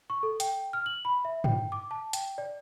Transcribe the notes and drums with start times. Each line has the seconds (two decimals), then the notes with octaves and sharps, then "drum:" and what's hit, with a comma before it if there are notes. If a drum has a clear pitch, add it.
0.10 C#6
0.23 A4
0.40 G5, drum: hi-hat
0.73 F6
0.86 F#7
1.05 B5
1.25 E5
1.44 G5, drum: tom
1.72 D6
1.91 A5
2.13 G5, drum: hi-hat
2.38 D5